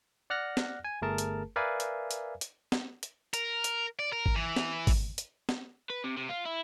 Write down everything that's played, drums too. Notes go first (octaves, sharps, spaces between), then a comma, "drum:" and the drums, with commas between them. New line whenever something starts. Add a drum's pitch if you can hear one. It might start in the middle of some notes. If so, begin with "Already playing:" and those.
D5 F#5 F6 F#6 A#6
drum: snare B3
G#5
G1 A3 G#4 A#4 A5
drum: hi-hat
A#4 B4 D5 E5 F5 G#5
drum: hi-hat
drum: hi-hat
drum: hi-hat
drum: snare B3
drum: hi-hat
A#4, drum: hi-hat
drum: hi-hat
D5
A#4
drum: kick G#1
E3
drum: snare B3
drum: kick G#1, open hi-hat
drum: hi-hat
drum: snare B3
B4
C3
C3
F4
E4